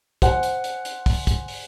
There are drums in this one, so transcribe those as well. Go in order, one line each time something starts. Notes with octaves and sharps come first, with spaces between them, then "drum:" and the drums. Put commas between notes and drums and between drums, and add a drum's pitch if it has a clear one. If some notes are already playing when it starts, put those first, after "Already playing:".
C5 F#5 G#5, drum: kick, hi-hat
drum: hi-hat
drum: hi-hat
drum: hi-hat
drum: kick, open hi-hat
drum: kick, hi-hat
drum: open hi-hat